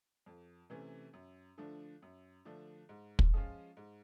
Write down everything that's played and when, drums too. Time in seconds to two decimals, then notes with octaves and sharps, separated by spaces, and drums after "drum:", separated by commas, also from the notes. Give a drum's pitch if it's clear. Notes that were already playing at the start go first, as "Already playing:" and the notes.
0.26 F2
0.70 C3 E3 A3 C#4
1.13 F#2
1.58 D3 F3 A3 D4
2.02 F#2
2.45 D3 F3 A3 D4
2.89 G#2
3.19 drum: kick
3.33 F3 G#3 C#4 F4
3.77 G#2